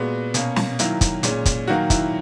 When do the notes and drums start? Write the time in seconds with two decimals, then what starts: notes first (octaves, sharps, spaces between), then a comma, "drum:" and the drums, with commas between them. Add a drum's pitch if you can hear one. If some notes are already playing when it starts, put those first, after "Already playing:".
Already playing: A#2 G#3 B3 F#4
0.34 B2 A#3 C#4, drum: hi-hat
0.56 drum: snare
0.79 D#3 F#3 A#3 E4, drum: hi-hat
1.01 drum: kick, hi-hat
1.23 A#2 G#3 C#4, drum: hi-hat
1.45 drum: kick, hi-hat
1.68 D#3 F#3 A#3 F#4
1.90 E4, drum: kick, hi-hat